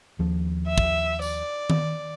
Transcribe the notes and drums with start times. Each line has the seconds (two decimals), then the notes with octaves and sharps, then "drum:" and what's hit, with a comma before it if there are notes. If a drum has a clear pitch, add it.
0.19 D#2 F3
0.67 E5
0.78 drum: kick
1.22 D5, drum: tambourine
1.70 drum: tom D#3